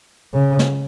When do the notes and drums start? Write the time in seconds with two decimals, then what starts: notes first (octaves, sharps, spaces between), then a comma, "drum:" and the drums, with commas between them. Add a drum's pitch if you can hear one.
0.33 C#3
0.59 drum: snare